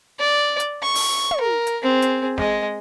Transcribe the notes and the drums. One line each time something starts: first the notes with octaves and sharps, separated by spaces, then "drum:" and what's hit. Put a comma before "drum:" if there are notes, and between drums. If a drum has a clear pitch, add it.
D5
drum: hi-hat
C#6
drum: open hi-hat
drum: tom
A#4
drum: hi-hat
C4 G#4
drum: hi-hat
G#3 D#5, drum: snare